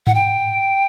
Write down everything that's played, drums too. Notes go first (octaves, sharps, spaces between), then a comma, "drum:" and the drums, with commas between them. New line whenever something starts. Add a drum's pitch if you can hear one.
F#5, drum: tom G#2
G5